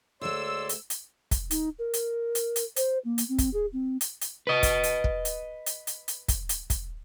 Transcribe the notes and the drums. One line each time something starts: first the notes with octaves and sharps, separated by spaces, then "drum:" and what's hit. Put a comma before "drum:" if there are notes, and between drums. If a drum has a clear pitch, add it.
D2 G#3 C#5 D5 C6 E6
drum: hi-hat
drum: hi-hat
drum: kick, hi-hat
D#4, drum: hi-hat
A#4
drum: hi-hat
drum: hi-hat
drum: hi-hat
C5, drum: hi-hat
A#3
drum: hi-hat
C4
drum: kick, hi-hat
G#4
C4
drum: hi-hat
drum: hi-hat
B4 D#5
drum: kick, hi-hat
drum: hi-hat
drum: kick
drum: hi-hat
drum: hi-hat
drum: hi-hat
drum: hi-hat
drum: kick, hi-hat
drum: hi-hat
drum: kick, hi-hat